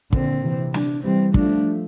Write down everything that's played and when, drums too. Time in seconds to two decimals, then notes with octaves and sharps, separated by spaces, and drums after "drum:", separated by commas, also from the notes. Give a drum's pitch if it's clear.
0.13 A#2 D3 C4, drum: kick
0.43 C3 E3
0.74 D4, drum: snare
1.04 E3 G3 C4
1.34 F3 A3 D4, drum: kick